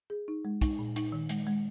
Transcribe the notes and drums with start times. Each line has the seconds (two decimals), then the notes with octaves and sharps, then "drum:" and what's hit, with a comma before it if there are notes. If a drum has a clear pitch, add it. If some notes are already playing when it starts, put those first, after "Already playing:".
0.10 G#4
0.28 D#4
0.45 G#3
0.61 D#4, drum: kick, hi-hat
0.79 A#2
0.96 D#4, drum: hi-hat
1.12 D#3
1.29 G#3, drum: hi-hat
1.47 G#3